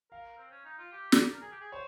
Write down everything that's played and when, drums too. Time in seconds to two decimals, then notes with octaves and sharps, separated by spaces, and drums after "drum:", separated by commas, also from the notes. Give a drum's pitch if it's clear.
0.11 A#4 F5
0.38 C4
0.51 C#4
0.65 D#4
0.78 F4
0.92 G4
1.12 drum: snare
1.32 A#4
1.42 G#4
1.52 G4
1.61 G#4
1.72 C5 C#5